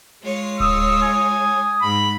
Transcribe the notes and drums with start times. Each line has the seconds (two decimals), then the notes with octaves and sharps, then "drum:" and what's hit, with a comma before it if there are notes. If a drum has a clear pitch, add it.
0.23 G#3 F4 C#5
0.60 D#6 E6, drum: kick D1
1.02 G#5
1.82 G#2 B5